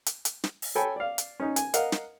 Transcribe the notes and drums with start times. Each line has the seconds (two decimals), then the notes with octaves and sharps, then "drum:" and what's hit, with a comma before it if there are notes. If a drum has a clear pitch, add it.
0.06 drum: hi-hat
0.25 drum: hi-hat
0.44 drum: snare
0.62 drum: open hi-hat
0.75 A4 C#5 G5 G#5 B5
0.96 D5 F5
1.18 drum: hi-hat
1.40 C#4 D#4
1.56 G#5, drum: hi-hat
1.74 A#4 D#5 F5 F#5, drum: hi-hat
1.92 drum: snare